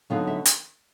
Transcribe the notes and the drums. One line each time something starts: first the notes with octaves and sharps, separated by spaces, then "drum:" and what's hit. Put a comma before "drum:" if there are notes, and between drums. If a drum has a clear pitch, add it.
D3 F#3 B3 D#4 F5
E5
drum: hi-hat